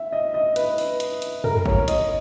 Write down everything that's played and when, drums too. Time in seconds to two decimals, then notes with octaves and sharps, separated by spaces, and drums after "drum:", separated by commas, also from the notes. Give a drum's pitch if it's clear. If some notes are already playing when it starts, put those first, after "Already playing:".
Already playing: E5
0.12 D#5
0.34 D#5
0.56 B4, drum: hi-hat
0.78 drum: open hi-hat
1.00 drum: hi-hat
1.22 drum: hi-hat
1.44 A#4, drum: tom
1.66 C#5, drum: kick G#1
1.88 D#5, drum: hi-hat